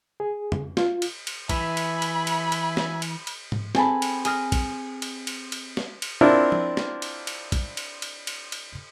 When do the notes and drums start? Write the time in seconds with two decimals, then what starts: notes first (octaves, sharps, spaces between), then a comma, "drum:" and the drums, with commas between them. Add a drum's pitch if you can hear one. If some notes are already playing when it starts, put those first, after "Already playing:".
0.20 G#4
0.52 drum: tom
0.77 F4, drum: snare
1.02 drum: cymbal
1.27 drum: cymbal
1.49 E3 E5 G#5 B5, drum: kick, cymbal
1.77 drum: cymbal
2.02 drum: cymbal
2.27 drum: cymbal
2.52 drum: cymbal
2.77 drum: snare
3.02 drum: cymbal
3.27 drum: cymbal
3.52 drum: tom G#2
3.75 C4 G#4 A4 G#5 A5 B5, drum: snare
4.02 drum: cymbal
4.25 G#4 D#6 F6 A#6, drum: cymbal
4.52 drum: kick, cymbal
5.02 drum: cymbal
5.27 drum: cymbal
5.52 drum: cymbal
5.77 drum: snare
6.02 drum: cymbal
6.21 C4 D4 E4 F4 A#4
6.52 drum: tom F3
6.77 drum: snare
7.02 drum: cymbal
7.27 drum: cymbal
7.52 drum: kick, cymbal
7.77 drum: cymbal
8.02 drum: cymbal
8.27 drum: cymbal
8.52 drum: cymbal